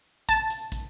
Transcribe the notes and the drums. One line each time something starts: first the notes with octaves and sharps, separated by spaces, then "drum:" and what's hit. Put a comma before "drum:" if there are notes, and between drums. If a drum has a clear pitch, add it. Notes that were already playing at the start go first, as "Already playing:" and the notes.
A5, drum: kick, hi-hat
drum: hi-hat
drum: kick, hi-hat